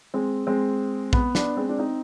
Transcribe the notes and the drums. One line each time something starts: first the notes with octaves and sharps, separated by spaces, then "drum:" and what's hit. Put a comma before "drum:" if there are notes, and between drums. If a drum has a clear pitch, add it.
G#3 C4
G#3 C4
B3, drum: kick A#1
B3 D4, drum: snare
G#3 C4
D4
C4 D#4